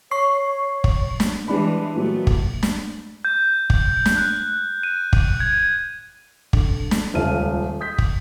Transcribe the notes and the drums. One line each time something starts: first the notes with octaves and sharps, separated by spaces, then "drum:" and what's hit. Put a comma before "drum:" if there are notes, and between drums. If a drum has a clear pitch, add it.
C#5 C#6 C7
drum: kick
drum: snare
E3 G3 G#3 D4 B5
A#2 F#3 G3 A3 B3
drum: kick
drum: snare
G6
drum: kick
drum: snare
F#6
D#7
drum: kick
G#6
D3, drum: kick
drum: snare
D#1 C#2 A4 E5 F6 D#7
D#6 G6 B6
drum: kick